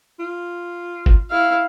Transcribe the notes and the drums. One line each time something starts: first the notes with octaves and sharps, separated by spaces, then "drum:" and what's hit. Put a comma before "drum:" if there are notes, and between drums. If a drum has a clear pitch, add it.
F4
drum: kick G1
E4 F5